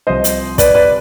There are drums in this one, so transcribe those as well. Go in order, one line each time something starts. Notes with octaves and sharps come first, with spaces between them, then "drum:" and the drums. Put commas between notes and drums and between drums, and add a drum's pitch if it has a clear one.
C2 C3 F3 C5 D#5
drum: hi-hat
B4 D5, drum: kick, hi-hat
B4 D5